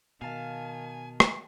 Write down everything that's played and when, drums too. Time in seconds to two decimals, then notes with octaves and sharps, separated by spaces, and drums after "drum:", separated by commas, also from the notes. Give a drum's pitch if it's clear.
0.22 B2 D#3 F5 G#5 A5
1.20 drum: rim click